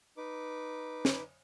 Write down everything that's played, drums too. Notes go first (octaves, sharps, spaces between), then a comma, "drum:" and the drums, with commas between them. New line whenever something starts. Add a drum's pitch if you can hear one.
D#4 B4 D6
drum: snare